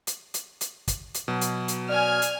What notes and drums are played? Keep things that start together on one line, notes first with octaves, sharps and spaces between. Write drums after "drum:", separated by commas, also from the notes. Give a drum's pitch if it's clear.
drum: hi-hat
drum: hi-hat
drum: hi-hat
drum: kick, hi-hat
drum: hi-hat
B2 F#3
drum: hi-hat
drum: hi-hat
D5 G#5 F6
drum: hi-hat